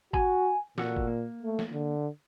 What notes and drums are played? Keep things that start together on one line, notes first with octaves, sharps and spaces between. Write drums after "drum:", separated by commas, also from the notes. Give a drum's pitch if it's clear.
F#4 G#5, drum: kick
A#2 F#4 A4 F#5, drum: snare
drum: kick
A#3
A3
drum: snare
D3